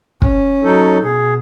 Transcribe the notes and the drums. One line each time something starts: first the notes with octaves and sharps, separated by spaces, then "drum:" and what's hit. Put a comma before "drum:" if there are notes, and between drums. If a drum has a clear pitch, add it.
C#4, drum: kick
F#3 D#4 A4
B2 G#4